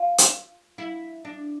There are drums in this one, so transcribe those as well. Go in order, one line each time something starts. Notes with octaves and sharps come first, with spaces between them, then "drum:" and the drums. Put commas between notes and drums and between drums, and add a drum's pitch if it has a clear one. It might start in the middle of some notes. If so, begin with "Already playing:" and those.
Already playing: F4
drum: hi-hat
E4
D4